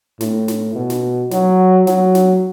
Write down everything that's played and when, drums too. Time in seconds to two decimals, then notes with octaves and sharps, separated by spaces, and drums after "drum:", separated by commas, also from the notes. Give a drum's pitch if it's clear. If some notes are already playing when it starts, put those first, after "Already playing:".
0.21 A2, drum: snare
0.48 drum: snare
0.75 B2
0.90 drum: snare
1.31 F#3, drum: snare
1.87 F#3, drum: snare
2.15 drum: snare